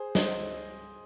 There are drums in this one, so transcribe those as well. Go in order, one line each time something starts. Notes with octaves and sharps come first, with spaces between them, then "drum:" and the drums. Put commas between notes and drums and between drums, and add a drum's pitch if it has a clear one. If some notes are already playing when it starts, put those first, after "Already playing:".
Already playing: G#4 C5
C5 D#5, drum: snare